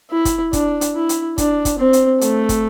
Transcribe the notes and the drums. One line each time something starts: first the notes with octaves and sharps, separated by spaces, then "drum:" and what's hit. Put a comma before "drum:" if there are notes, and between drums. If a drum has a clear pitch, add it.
E4
drum: kick, hi-hat
D4, drum: kick, hi-hat
drum: hi-hat
E4
drum: hi-hat
D4, drum: kick, hi-hat
drum: kick, hi-hat
C4
drum: hi-hat
A3, drum: hi-hat
drum: kick, hi-hat